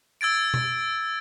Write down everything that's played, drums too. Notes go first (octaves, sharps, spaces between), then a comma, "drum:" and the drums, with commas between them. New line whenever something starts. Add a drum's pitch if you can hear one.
E6 G#6 A6 D7
drum: tom B2